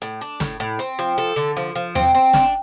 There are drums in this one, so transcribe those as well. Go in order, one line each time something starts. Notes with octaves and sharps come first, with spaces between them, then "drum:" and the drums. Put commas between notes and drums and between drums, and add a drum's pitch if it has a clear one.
A2, drum: hi-hat
D4
A2, drum: snare
A2
C4, drum: hi-hat
F3
A4, drum: hi-hat
D3
F3, drum: hi-hat
F3
C4, drum: tom E2
C4
D4, drum: snare